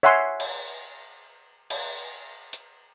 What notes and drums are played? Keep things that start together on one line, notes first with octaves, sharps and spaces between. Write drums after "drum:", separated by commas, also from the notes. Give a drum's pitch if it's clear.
C#5 E5 F#5 G#5 C6
drum: cymbal
drum: cymbal
drum: hi-hat